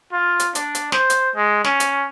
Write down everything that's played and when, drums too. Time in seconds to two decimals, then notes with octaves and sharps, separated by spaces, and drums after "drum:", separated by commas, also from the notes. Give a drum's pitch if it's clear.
0.12 F4
0.40 drum: hi-hat
0.55 D4, drum: hi-hat
0.75 drum: hi-hat
0.92 C5, drum: snare
1.10 drum: hi-hat
1.35 G#3
1.64 C#4, drum: snare
1.80 drum: hi-hat